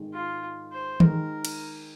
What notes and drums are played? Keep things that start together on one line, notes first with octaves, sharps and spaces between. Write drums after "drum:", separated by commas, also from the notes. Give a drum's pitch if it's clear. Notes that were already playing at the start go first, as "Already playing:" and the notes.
Already playing: G#1 G#2 D#3 G#3
F4
C5
D#3 G#3 D#4 A#4, drum: tom D#3
drum: cymbal